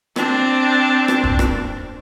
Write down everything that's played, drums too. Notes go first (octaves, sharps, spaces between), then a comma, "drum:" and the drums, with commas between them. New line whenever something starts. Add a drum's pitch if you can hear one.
C4 D4, drum: rim click
drum: rim click
drum: kick D#1
drum: rim click